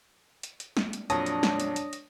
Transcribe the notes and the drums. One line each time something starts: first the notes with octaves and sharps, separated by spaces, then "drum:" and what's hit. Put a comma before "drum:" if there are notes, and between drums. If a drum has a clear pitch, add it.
drum: hi-hat
drum: hi-hat
drum: snare
drum: hi-hat
F2 A#2 F#3 D4 C#5 A5 D#6 A#6, drum: hi-hat
drum: hi-hat
drum: snare
drum: hi-hat
drum: hi-hat
drum: hi-hat